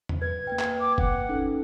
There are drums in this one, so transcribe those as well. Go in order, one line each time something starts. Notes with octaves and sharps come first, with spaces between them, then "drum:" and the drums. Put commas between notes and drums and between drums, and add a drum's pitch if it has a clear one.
drum: tom E2
B4 G#6
A#3 B4 G5
drum: clap
D6
F#5, drum: kick F1
C#4 D#4 A4